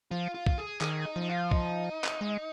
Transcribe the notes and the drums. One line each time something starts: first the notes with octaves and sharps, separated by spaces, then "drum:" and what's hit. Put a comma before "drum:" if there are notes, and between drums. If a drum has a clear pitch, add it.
F3 F4
F4
drum: kick
G#4
D#3 G#4, drum: clap
D#4
F3
D#4
F4
D#4, drum: kick
drum: clap
G#3